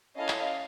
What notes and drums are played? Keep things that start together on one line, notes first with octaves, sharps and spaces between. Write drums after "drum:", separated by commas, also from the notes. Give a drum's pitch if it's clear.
C#4 E4 A4 D#5 F5
drum: clap